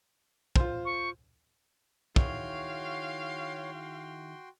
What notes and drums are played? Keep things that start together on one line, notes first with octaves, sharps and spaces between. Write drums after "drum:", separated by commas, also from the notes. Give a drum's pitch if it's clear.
F4 C5, drum: kick
C#6
D#3 E4 F#4 G#4 C#5 F5 G5 C6, drum: kick